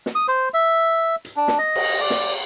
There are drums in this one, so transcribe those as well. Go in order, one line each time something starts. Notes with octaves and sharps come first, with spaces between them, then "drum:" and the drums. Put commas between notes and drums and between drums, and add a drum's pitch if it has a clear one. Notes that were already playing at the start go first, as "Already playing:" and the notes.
drum: snare
D#6
C5
E5
drum: hi-hat
D4
drum: snare
D#5
drum: cymbal
D5
drum: snare